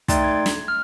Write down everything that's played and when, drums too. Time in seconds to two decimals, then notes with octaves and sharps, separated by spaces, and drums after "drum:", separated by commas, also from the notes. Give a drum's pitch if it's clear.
0.08 A3 D#4 D5 G5 C6 A6, drum: kick, hi-hat
0.24 G#6
0.46 drum: snare
0.68 F6